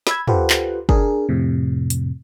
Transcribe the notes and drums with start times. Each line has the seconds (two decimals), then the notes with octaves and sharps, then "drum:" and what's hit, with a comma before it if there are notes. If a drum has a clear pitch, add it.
0.07 B5 E6 G#6, drum: snare
0.27 F4 G4 A4 B4 C5 F#5, drum: tom
0.50 drum: clap
0.89 D4 G#4 A#4, drum: kick
1.29 F2 A2 C3
1.90 drum: hi-hat